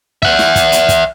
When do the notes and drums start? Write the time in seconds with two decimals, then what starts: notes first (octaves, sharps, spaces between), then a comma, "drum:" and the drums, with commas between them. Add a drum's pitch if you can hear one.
0.23 E5 F#5, drum: kick
0.39 drum: snare
0.56 drum: kick, hi-hat
0.72 drum: hi-hat
0.89 drum: kick, hi-hat